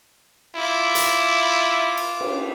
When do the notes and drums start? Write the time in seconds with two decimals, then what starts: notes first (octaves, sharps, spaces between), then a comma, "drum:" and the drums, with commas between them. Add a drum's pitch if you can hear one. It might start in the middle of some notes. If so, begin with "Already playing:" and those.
0.55 E4 F4 D6
0.95 drum: hi-hat
1.97 drum: cymbal
2.21 drum: cymbal